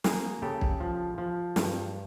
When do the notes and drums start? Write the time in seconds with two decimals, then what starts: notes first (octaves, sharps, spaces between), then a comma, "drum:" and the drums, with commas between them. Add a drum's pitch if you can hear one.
0.04 A#3 F#4 G#4, drum: snare
0.42 C#3 G4 A4
0.61 drum: kick
0.80 F3
1.18 F3
1.56 G2, drum: snare